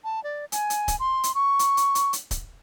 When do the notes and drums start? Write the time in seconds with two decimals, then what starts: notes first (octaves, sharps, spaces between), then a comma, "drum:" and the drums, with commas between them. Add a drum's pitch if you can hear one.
0.04 A5
0.24 D5
0.52 G#5, drum: hi-hat
0.70 drum: hi-hat
0.88 drum: kick D1, hi-hat
1.00 C6
1.24 drum: hi-hat
1.35 C#6
1.59 drum: hi-hat
1.77 drum: hi-hat
1.95 drum: hi-hat
2.13 drum: hi-hat
2.31 drum: kick D1, hi-hat